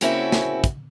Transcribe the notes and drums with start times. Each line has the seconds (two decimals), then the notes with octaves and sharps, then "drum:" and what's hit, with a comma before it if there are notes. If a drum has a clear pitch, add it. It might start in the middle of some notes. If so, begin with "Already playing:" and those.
0.01 C#3 A#3 C4 C#4 E4 F#4, drum: hi-hat
0.32 drum: snare
0.64 drum: kick, hi-hat